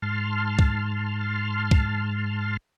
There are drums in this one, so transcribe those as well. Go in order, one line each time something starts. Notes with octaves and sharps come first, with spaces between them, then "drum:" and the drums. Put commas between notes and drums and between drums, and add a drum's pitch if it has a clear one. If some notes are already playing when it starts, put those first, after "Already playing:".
G#2 A5 C6 F6
drum: kick
drum: kick